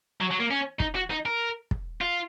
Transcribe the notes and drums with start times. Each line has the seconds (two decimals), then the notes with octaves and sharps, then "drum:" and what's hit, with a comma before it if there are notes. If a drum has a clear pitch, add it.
0.21 F#3
0.31 F#3
0.40 A#3
0.51 C#4
0.80 D#4, drum: kick
0.95 F#4
1.11 D#4
1.25 A#4
1.71 drum: kick
2.01 F4